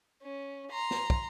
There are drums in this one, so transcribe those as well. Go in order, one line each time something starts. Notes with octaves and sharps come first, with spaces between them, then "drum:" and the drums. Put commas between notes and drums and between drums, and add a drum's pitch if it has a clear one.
C#4
A#5 C6
drum: snare
drum: kick